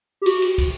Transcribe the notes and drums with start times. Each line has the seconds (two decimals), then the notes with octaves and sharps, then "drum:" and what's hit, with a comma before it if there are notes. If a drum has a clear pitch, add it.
0.22 G4
0.26 F#4, drum: cymbal
0.42 drum: cymbal
0.58 drum: kick, cymbal